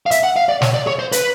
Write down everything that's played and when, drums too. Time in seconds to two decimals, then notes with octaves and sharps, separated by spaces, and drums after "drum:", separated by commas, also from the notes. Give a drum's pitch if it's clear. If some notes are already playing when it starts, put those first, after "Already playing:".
0.06 F5
0.11 E5, drum: hi-hat
0.24 F#5
0.36 F5
0.49 D5
0.62 C#5, drum: snare
0.74 D5
0.87 C#5
0.99 C5
1.12 B4, drum: hi-hat